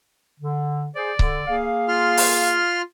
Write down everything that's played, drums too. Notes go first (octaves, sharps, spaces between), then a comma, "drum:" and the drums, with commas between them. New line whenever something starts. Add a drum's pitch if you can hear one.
D3
G#4 C5 D5
D3, drum: kick C#1
A#3 G#4 F5
F4 C6 F6
drum: open hi-hat